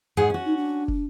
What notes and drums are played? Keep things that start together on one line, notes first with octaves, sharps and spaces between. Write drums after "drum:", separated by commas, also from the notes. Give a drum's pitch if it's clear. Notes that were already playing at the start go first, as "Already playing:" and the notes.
G#2 G#4 F#5
C#4 F#4
D#4
D4
drum: kick